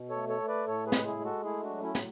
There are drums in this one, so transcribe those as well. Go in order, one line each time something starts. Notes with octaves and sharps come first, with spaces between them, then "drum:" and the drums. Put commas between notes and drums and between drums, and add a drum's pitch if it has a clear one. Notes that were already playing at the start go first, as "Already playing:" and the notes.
Already playing: B2
A4 C#5
A3
A4 C#5
A3
B4 D5
A2 A4 C#5
G#4 B4
G#3, drum: snare
E4 G#4
G#3
F#4 A4
A3 E4 G#4
D4 F#4
F#3
C#4 E4
A2, drum: snare